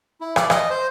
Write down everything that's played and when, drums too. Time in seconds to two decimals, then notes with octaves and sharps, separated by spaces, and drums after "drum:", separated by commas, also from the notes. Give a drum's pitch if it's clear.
0.21 E4
0.36 D5, drum: rim click
0.50 D#5, drum: rim click
0.70 C5